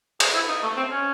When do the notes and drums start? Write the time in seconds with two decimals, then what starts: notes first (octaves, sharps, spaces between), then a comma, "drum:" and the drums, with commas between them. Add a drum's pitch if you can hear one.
0.20 G#4, drum: cymbal
0.34 E4
0.49 D#4
0.63 A3
0.77 C4
0.92 C#4